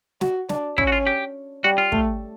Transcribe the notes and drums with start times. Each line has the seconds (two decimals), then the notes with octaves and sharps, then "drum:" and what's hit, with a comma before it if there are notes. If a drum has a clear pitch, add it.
0.21 F#4, drum: snare
0.49 D4, drum: snare
0.78 C#4 E4, drum: kick
0.87 F#4
0.92 F4
1.07 G4
1.64 G3 F#4
1.78 F4
1.92 A3, drum: kick